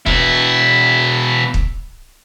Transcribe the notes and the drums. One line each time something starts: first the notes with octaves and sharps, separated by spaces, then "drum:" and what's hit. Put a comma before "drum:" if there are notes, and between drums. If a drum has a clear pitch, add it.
B2 E4, drum: kick
drum: kick